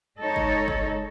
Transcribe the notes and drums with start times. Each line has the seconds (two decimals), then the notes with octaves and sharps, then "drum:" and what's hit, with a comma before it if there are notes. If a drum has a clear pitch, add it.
0.20 G#3 D#4 A4 C#5
0.36 drum: kick
0.68 drum: kick